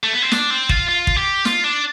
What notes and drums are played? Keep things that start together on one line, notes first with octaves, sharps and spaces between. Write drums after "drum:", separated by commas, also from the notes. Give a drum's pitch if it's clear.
A3
B3
C4
D4, drum: snare
C4
F4, drum: kick
F4
drum: kick
G4
F4, drum: snare
D4